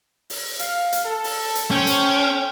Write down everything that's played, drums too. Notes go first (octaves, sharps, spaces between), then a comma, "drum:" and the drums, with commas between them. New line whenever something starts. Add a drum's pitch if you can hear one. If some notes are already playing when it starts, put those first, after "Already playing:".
drum: open hi-hat
F5, drum: hi-hat
drum: hi-hat
A4
drum: open hi-hat
drum: hi-hat
C#4 A4 C5 G5
drum: hi-hat